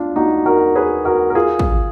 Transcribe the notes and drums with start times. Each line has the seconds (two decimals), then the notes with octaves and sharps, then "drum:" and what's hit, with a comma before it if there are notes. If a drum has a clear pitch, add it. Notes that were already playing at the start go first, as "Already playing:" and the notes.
Already playing: D4 F4
0.16 D#4 F#4
0.46 F#4 A#4
0.76 G#4 B4
1.05 F#4 A#4
1.30 A#4
1.35 F4 G#4
1.59 drum: kick